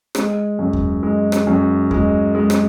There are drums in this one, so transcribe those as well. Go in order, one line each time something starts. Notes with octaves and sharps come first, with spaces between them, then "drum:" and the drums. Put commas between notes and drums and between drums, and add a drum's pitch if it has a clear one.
G#3, drum: rim click
F#2
drum: kick D#2
G#3
drum: rim click
F#2
G#3, drum: kick D#2
G#3
drum: rim click